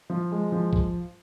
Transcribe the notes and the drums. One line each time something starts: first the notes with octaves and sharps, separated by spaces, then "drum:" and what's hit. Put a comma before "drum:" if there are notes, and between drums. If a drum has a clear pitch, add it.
F3
G#3
F3
drum: kick